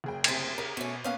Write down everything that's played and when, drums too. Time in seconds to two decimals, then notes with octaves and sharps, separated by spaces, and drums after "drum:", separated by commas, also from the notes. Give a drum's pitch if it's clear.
0.04 F#1 G#4 G5
0.24 D2 C3, drum: cymbal
0.58 C#3 A#4
0.77 B2 A3 C#4
1.04 A#3 B3 C#4 F5 F#5